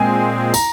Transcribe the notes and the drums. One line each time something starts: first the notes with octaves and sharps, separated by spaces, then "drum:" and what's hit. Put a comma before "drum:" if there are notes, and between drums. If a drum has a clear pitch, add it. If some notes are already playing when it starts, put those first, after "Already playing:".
Already playing: A#2 G#3 C4 G#5
A#5, drum: tambourine